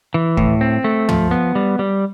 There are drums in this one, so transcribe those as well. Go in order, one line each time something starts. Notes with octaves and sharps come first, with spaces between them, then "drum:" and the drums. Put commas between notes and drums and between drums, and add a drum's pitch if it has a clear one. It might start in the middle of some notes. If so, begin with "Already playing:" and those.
E3
A2, drum: kick D2
C4
A3
F3, drum: tom
B3
G3
G3